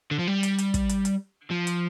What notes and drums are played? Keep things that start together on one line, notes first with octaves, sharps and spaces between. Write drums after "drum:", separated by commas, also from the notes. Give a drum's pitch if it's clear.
D3
F3
G3
drum: hi-hat
drum: hi-hat
drum: kick, hi-hat
drum: hi-hat
drum: hi-hat
F3
drum: hi-hat